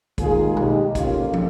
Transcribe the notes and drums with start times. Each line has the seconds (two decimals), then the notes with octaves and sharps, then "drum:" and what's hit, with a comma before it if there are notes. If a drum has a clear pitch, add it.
0.18 D#2 D#3 G#3 F4 G#4, drum: kick, hi-hat
0.57 D#4 G4, drum: tom
0.95 F2 D#3 A#3 C#4 F4, drum: kick, hi-hat
1.33 drum: tom